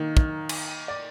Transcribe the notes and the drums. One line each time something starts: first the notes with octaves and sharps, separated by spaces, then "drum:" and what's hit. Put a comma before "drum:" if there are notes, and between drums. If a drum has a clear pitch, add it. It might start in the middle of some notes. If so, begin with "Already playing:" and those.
Already playing: D#3 A#3
drum: kick
drum: cymbal
D5